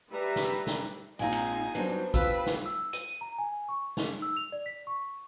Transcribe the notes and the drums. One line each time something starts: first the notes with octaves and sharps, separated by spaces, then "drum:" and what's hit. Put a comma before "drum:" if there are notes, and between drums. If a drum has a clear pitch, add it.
G3 B4 E5 A#5
drum: snare
drum: snare
A#1 G#3 C4 D#4 F4 G#5 A#5
drum: cymbal
F#3 G3 B3 D4 C5
F4 G4 B4 E6, drum: kick
drum: snare
E6
D#7, drum: hi-hat
A#5
G#5
C#6
D#4, drum: snare
E6
F7
D5
B6
C#6